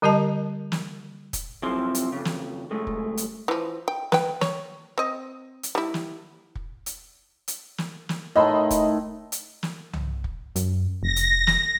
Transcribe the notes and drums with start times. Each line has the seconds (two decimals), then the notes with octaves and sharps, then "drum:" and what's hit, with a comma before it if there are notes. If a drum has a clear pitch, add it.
0.02 D3 G3 G4 A#4 D#5 A5
0.72 drum: snare
1.33 drum: kick, hi-hat
1.62 C2 F#2 F3 C4 E4 C6
1.95 drum: hi-hat
2.12 F2 C#3
2.25 drum: snare
2.71 C#2 F#2 G#3 A3
2.87 drum: kick
3.17 drum: hi-hat
3.48 E3 F3
3.88 G5
4.12 B4 G5, drum: snare
4.41 C#5, drum: snare
4.98 C4 D#5
5.63 drum: hi-hat
5.75 G3 E4
5.94 drum: snare
6.55 drum: kick
6.86 drum: hi-hat
7.48 drum: hi-hat
7.78 drum: snare
8.09 drum: snare
8.36 A2 D#3 D#5 A5 B5 C6
8.71 drum: kick, hi-hat
9.32 drum: hi-hat
9.63 drum: snare
9.93 drum: tom C2
10.24 drum: kick
10.56 F#2, drum: hi-hat
11.03 F1 A#6
11.16 drum: hi-hat
11.47 drum: snare